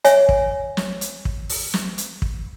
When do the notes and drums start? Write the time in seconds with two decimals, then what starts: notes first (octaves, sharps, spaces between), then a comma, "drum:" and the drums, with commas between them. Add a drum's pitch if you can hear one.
0.05 C#5 E5 G#5, drum: hi-hat
0.29 drum: kick
0.77 drum: snare
1.01 drum: hi-hat
1.25 drum: kick
1.49 drum: open hi-hat
1.74 drum: snare
1.98 drum: hi-hat
2.22 drum: kick